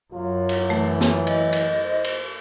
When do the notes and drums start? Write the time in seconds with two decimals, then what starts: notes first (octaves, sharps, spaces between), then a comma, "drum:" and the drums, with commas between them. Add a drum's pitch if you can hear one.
0.13 F#2 F#3 F4
0.49 drum: cymbal
0.70 E3 A3
1.01 drum: snare
1.27 D#5, drum: cymbal
1.53 drum: cymbal
1.81 C5
2.04 drum: cymbal